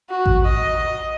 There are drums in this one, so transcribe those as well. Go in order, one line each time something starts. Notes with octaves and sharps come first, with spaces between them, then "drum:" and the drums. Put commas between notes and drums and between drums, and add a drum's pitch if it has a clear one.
F#4
drum: kick A1
D#5